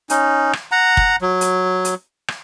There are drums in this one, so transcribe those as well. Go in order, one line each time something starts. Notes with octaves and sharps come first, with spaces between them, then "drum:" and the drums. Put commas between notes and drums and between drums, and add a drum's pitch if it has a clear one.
C#4 D#4, drum: hi-hat
drum: rim click
F#5 A#5
drum: kick
F#3
drum: hi-hat
drum: hi-hat
drum: rim click